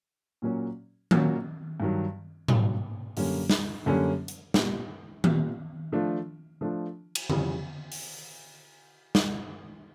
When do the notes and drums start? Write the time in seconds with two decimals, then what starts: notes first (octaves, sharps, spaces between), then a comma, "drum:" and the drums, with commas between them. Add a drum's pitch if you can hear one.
0.42 A#2 F#3 A#3 C#4 F#4
1.11 A#2 F#3 A#3 C#4 F#4, drum: tom D#3
1.80 G2 D#3 F#3
2.48 G2 D#3 F#3, drum: tom
3.17 F#2 D3 G3 A#3 C#4, drum: open hi-hat
3.50 drum: snare
3.86 F#2 D3 G3 A#3 C#4
4.28 drum: hi-hat
4.54 A#2 G3 B3, drum: snare
5.24 A#2 G3 B3, drum: tom D#3
5.92 F3 A3 D4 F4
6.61 F3 A3 D4 F4
7.15 drum: cymbal
7.30 F2 C#3 E3 G3, drum: tom D3
7.92 drum: open hi-hat
9.15 drum: snare